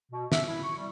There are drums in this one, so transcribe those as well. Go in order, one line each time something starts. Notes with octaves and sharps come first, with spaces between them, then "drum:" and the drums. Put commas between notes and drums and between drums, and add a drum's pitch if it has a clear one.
B2
E5, drum: snare
E4
C#6
G3